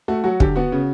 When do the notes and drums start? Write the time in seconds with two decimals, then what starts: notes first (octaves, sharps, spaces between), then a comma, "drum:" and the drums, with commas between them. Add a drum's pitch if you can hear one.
0.08 A3 F#4
0.24 F#3 F#4
0.40 D3 G4, drum: kick
0.56 B3 F#4
0.72 C#3